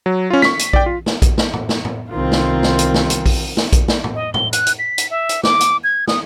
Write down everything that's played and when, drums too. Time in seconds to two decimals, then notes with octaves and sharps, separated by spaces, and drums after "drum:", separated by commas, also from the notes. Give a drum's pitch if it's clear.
0.06 F#3
0.30 C#4 F4
0.42 C#6 B6, drum: snare
0.59 drum: hi-hat
0.73 D5 G5, drum: kick A#1
0.86 F4
1.06 drum: snare
1.22 drum: kick A#1, hi-hat
1.38 drum: snare
1.53 drum: tom A2
1.69 drum: snare
1.85 drum: tom A2
2.11 C2 D#3 C4 F4
2.32 drum: snare
2.63 drum: snare
2.79 drum: hi-hat
2.94 drum: snare
3.10 drum: hi-hat
3.26 drum: kick A#1, open hi-hat
3.57 drum: snare
3.73 drum: kick A#1, hi-hat
3.88 drum: snare
4.04 drum: tom A2
4.15 D#5
4.34 G7, drum: tom A2
4.53 F#6, drum: hi-hat
4.67 drum: hi-hat
4.79 B6
4.98 drum: hi-hat
5.10 E5
5.29 drum: hi-hat
5.43 D6, drum: snare
5.61 drum: hi-hat
5.84 G#6
6.08 D#6, drum: snare